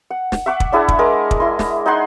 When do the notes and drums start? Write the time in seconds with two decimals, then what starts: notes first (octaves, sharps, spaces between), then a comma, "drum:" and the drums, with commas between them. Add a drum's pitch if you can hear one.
0.10 F#5
0.32 drum: snare
0.46 E5 F#5 C#6 D6
0.60 drum: kick
0.72 D4 E4 G#4 F#5
0.88 drum: kick
0.99 G#3 A#4 D6
1.31 drum: kick
1.40 E4 C6
1.59 drum: snare
1.86 D#4 G#4 F#5 C6